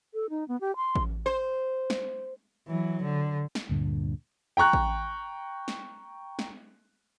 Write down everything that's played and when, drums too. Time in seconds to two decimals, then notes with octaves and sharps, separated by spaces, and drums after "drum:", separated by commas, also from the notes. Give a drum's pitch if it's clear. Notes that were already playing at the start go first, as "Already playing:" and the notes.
0.14 A4
0.30 D#4
0.48 B3
0.61 G4
0.76 C6
0.95 drum: kick A1
1.26 C5
1.90 drum: snare
2.68 E3 F#3
3.03 D3
3.55 drum: snare
3.69 D2 G2 A#2 D3
4.57 G5 A#5 C#6 F#6
4.73 drum: kick A1
5.68 drum: snare
6.39 drum: snare